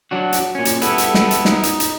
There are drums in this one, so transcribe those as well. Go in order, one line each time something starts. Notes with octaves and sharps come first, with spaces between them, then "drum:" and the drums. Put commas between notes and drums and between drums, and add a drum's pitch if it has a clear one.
F#3 D4 F#4
drum: hi-hat
A#2 C#4
drum: hi-hat
G3 B3 E4 A4, drum: hi-hat
drum: hi-hat
drum: snare
drum: hi-hat
D#4, drum: snare
drum: hi-hat
drum: hi-hat